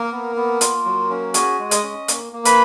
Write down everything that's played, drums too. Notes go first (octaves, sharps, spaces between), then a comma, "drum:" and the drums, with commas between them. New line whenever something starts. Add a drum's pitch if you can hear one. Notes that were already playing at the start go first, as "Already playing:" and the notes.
Already playing: A#3 A#4
B3
B3
F4, drum: hi-hat
F#3
C#4
F#4 G#4 G#5, drum: hi-hat
G#3
D#5 D#6, drum: hi-hat
C#4
A#3, drum: hi-hat
A#3
B4 B5, drum: hi-hat